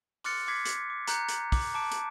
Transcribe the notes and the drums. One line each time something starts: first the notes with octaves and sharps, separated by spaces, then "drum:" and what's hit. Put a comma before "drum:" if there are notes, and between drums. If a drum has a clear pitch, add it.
C6 D6 F6 F#6 A6 C#7, drum: open hi-hat
D6 G#6 B6 C7
drum: hi-hat
D6
A#5 F#6 G6 C#7, drum: hi-hat
drum: hi-hat
D6, drum: kick, open hi-hat
A5 D6 D7
drum: hi-hat